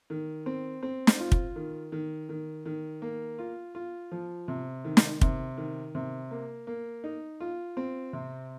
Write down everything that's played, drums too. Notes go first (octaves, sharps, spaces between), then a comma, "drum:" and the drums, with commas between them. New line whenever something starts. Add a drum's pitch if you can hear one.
D#3
C4
C4
drum: snare
F4
drum: kick
D#3
D#3
D#3
D#3
A#3
F4
F4
F3
C3
D#3
drum: snare
C3, drum: kick
D#3
C3
A#3
A#3
D#4
F4
C4
C3